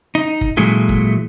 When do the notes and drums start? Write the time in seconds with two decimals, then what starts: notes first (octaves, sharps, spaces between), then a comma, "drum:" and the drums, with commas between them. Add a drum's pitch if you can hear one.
0.15 D#4
0.41 drum: kick
0.57 A#2 E3 F#3 G#3 A3
0.89 drum: kick